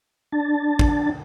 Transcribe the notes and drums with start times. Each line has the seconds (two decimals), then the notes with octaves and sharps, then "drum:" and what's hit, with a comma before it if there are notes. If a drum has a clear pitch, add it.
0.32 D4 A5
0.79 drum: kick